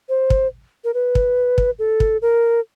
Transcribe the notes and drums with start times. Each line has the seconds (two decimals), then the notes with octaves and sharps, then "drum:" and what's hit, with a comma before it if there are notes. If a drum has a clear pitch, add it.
0.09 C5
0.30 drum: kick
0.84 A#4
0.94 B4
1.15 drum: kick
1.58 drum: kick
1.79 A4
2.00 drum: kick
2.22 A#4